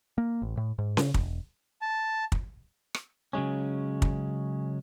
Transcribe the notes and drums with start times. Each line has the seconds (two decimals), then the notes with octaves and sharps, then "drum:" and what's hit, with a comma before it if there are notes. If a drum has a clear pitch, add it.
0.18 A#3
0.42 A1
0.57 A2
0.78 G#2
0.97 C#3, drum: snare C#4
1.14 E1, drum: kick
1.82 A5
2.32 drum: kick
2.94 drum: rim click
3.33 C#3 F#3 G#3 C#4
4.02 drum: kick